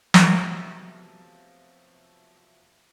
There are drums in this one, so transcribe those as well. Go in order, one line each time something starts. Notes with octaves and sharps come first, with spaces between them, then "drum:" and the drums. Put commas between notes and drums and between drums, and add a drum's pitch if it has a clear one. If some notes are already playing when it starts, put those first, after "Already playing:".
C3 F3 F#3 A3 B3, drum: snare